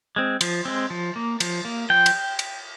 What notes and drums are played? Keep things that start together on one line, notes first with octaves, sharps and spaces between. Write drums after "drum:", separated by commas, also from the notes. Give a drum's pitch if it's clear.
G#3 C4
F3, drum: cymbal
G#3 C4
F3
A#3
F3, drum: cymbal
A#3
F3 G5
drum: cymbal
drum: cymbal